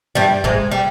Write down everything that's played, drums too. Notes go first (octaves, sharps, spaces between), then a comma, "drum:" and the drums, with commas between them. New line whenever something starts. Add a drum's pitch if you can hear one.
G2 G3
G#2 G#3, drum: kick
G3